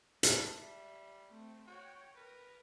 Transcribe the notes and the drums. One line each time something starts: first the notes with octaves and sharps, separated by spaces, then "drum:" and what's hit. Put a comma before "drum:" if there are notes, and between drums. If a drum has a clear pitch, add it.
G#3 A5, drum: hi-hat
G3 E5
A3 C4
F#4 C#5 G5
A#4 B4